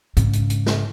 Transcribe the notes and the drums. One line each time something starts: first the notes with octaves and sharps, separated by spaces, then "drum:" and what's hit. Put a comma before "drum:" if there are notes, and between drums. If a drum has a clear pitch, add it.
G#2 C#3, drum: kick A#1, hi-hat
drum: hi-hat
drum: hi-hat
drum: snare